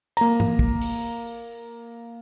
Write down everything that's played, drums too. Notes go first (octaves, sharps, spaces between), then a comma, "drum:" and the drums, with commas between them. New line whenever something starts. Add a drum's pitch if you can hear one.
A#3 A#5, drum: cymbal
drum: tom G#2
drum: kick
drum: open hi-hat